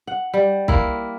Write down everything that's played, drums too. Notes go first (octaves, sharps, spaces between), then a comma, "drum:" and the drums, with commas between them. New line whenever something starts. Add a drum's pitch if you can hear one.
F#5
G3
A#3 E4, drum: kick